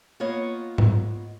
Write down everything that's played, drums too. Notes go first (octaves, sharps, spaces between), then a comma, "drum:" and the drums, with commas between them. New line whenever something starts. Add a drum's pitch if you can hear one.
A#3 B3 F4 C#5 D#5
drum: tom G#2